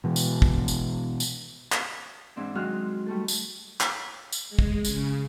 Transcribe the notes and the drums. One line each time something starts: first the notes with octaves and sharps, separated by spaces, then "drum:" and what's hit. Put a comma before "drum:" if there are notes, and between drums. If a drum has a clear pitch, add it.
B2 E3 G#3
drum: tambourine
drum: kick
drum: tambourine
drum: tambourine
drum: clap
G#2 E3 C4 D4
D#3 F#3 G#3 C4 F6 F#6
G3 A3 A4
drum: tambourine
drum: clap
drum: tambourine
G#3
drum: kick
C#3, drum: tambourine